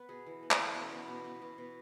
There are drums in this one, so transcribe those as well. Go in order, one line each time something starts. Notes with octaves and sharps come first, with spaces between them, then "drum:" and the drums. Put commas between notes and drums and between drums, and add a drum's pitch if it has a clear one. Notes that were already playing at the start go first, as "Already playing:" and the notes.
Already playing: B3 B4
B2 G#4
E3
B3
F#4, drum: clap
E3
B2 C#4
B3
B2
B3
B2
B2